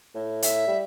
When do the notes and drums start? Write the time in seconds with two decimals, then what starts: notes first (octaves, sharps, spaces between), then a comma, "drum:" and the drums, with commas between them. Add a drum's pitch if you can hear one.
0.15 A2
0.42 E5, drum: hi-hat
0.67 G3